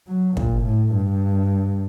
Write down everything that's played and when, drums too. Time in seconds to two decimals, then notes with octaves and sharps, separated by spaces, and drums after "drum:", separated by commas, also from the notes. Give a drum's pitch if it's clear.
0.08 F#3
0.37 A#2, drum: kick
0.65 A2
0.93 G2